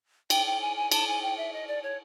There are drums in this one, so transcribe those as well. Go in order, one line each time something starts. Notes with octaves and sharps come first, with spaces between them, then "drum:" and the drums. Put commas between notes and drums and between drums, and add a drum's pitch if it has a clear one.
G5, drum: cymbal
G5
G#5
G#5
A5, drum: cymbal
G#5
G5
E5
D#5
D5
C#5